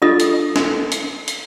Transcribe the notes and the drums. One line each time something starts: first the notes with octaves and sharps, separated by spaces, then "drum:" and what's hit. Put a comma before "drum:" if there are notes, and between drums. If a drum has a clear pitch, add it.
D4 F4 A4 D#5 D#6
drum: hi-hat
drum: snare
drum: hi-hat
drum: hi-hat